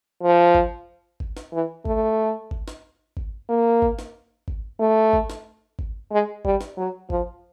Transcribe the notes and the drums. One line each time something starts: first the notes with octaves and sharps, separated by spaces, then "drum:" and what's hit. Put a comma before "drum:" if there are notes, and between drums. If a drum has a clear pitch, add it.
F3
drum: kick G#1
drum: kick G#1
drum: snare
E3
A3, drum: kick G#1
drum: kick G#1
drum: snare
drum: kick G#1
A#3
drum: kick G#1
drum: snare
drum: kick G#1
A3
drum: kick G#1
drum: snare
drum: kick G#1
G#3
G3, drum: kick G#1
drum: snare
F#3
F3, drum: kick G#1